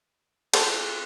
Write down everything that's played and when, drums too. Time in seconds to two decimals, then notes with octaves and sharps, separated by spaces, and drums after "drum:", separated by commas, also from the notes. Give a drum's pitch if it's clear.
0.54 A4 C5, drum: cymbal